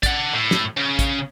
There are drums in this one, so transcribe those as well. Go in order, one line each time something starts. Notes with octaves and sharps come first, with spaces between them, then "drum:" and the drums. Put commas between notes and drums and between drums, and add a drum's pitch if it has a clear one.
D5 F#5, drum: kick, hi-hat
A2
drum: snare
C#3
drum: kick, hi-hat